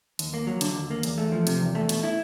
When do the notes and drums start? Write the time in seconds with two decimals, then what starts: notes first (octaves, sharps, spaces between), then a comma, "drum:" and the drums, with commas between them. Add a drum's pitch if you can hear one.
0.19 D#2, drum: hi-hat
0.34 A#3
0.47 F#3
0.61 D3, drum: hi-hat
0.76 D#2
0.90 A#3
1.03 E2, drum: hi-hat
1.18 A3
1.32 F3
1.47 C3, drum: hi-hat
1.61 E2
1.75 A3
1.89 B2, drum: hi-hat
2.03 E4